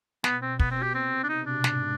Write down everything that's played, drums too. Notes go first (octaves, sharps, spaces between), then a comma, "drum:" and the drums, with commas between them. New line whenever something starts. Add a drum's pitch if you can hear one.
B2 B3, drum: snare
C4
B3, drum: kick
C4
G4
C3 C4
D4
B2 D#4
D4
G#2, drum: snare